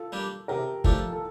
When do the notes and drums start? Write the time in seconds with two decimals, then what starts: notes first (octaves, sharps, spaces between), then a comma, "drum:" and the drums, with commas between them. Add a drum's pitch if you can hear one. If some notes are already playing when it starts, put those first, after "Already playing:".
Already playing: F4 A4
0.12 G3 A#3 D4 G4
0.48 C3 G4 A#4
0.84 F3 A3 D4 F4 G4 A4, drum: kick
1.13 A4